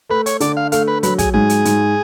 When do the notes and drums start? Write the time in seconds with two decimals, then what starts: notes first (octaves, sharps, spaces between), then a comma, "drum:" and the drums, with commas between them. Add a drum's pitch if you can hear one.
0.09 A3 B4
0.26 C#5, drum: hi-hat
0.40 D3 D5, drum: hi-hat
0.57 F5
0.72 A3 F5, drum: hi-hat
0.88 B4
1.03 F#3 B4, drum: hi-hat
1.19 G#4, drum: kick, hi-hat
1.34 G#2 G#4
1.49 drum: hi-hat
1.65 G#2, drum: hi-hat